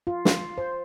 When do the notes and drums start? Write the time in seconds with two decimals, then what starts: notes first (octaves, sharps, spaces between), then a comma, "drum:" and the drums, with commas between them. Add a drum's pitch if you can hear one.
0.07 F4
0.25 drum: snare
0.58 C5